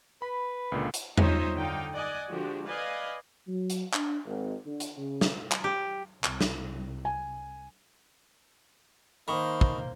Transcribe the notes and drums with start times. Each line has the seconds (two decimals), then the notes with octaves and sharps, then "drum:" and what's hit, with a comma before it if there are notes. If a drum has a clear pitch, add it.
0.22 B4 B5
0.72 C#2 A#2 D3
0.94 drum: hi-hat
1.17 D#4 F4 C5 C#5 D#5 E5, drum: tom E2
1.57 D3 D#4 F5 G5
1.94 D5 D#5 F#5 G#5
2.30 D3 F3 G#3 D4 F#4 G4
2.66 B4 D5 D#5 F5 G#5
3.47 F#3
3.70 drum: hi-hat
3.93 D4, drum: clap
4.24 G#1
4.66 D3
4.80 drum: hi-hat
4.97 C#3
5.21 drum: snare
5.52 drum: clap
5.64 G4
6.24 C2, drum: clap
6.41 drum: snare
7.05 G#5
9.28 D#3 A#3 C5 B5 C#6 D#6
9.61 drum: kick